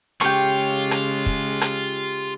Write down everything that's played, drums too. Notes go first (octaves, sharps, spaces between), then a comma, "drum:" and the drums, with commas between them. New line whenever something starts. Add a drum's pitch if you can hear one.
C#3 G#3 F4 G4 C#5 G5 C#6, drum: rim click
drum: rim click
drum: kick
drum: rim click